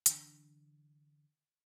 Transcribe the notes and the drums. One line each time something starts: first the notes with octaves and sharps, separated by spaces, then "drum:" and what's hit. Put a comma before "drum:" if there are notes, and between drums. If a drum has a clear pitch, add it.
D3 E3 D4, drum: hi-hat